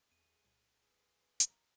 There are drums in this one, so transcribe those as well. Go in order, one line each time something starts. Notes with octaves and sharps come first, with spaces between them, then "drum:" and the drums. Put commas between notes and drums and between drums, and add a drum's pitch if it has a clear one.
E2 A3 G#4 D#7
C2 A#2
G#4 B4 C6
A#5, drum: hi-hat